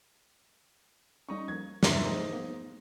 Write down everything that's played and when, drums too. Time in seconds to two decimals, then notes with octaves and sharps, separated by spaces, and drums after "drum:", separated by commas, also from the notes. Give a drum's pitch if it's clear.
1.28 G3 C#4 D#4 C#6
1.48 F3 A#3 G#6
1.83 E2 G2 C3 E5 A#5 C6, drum: snare
2.05 F3 A3 D#4 G#4 C5
2.33 A#3 B3